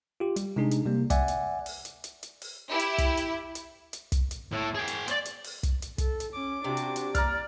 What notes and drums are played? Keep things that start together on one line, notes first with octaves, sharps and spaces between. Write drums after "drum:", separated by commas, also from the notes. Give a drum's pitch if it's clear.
F4 G4
G3, drum: hi-hat
C3 G#3 D4 D#4 G#4
drum: hi-hat
C3 G3 A#3
D5 E5 F#5 G#5, drum: kick, hi-hat
drum: hi-hat
drum: open hi-hat
drum: hi-hat
drum: hi-hat
drum: hi-hat
drum: open hi-hat
E4 G4
drum: hi-hat
drum: kick, hi-hat
drum: hi-hat
drum: hi-hat
drum: hi-hat
drum: kick, hi-hat
drum: hi-hat
A2
G#4 G5
drum: hi-hat
C5 D5, drum: hi-hat
drum: hi-hat
drum: open hi-hat
drum: kick, hi-hat
drum: hi-hat
A4, drum: kick, hi-hat
drum: hi-hat
C#4 D6
C3 D4 F#4
drum: hi-hat
drum: hi-hat
D5 A#5 F6, drum: kick, hi-hat